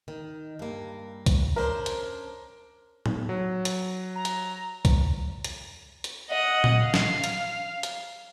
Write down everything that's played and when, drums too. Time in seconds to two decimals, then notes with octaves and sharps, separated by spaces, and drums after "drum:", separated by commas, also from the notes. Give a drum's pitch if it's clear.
0.08 D#3
0.59 G2 A#3
1.26 drum: kick, hi-hat
1.56 C#4 D4 A#4 C5
1.86 drum: hi-hat
3.06 drum: tom
3.29 F#3
3.65 drum: hi-hat
4.15 A#5
4.25 drum: hi-hat
4.85 drum: kick, hi-hat
5.44 drum: hi-hat
6.04 drum: hi-hat
6.30 D#5 F#5
6.64 drum: tom A#2
6.82 F5
6.94 drum: snare
7.24 drum: hi-hat
7.83 drum: hi-hat